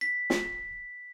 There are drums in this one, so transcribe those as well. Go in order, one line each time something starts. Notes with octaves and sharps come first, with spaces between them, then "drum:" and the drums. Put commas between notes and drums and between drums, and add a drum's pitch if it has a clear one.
B6
drum: snare